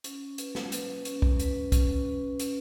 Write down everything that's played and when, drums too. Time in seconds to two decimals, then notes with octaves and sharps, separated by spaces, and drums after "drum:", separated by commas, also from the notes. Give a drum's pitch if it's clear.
0.04 C#4, drum: hi-hat
0.38 B4, drum: hi-hat
0.55 drum: snare
0.72 B4, drum: hi-hat
1.05 C#4, drum: hi-hat
1.22 drum: kick
1.40 B4, drum: hi-hat
1.72 C#4, drum: kick, hi-hat
2.06 B4
2.39 C#4, drum: hi-hat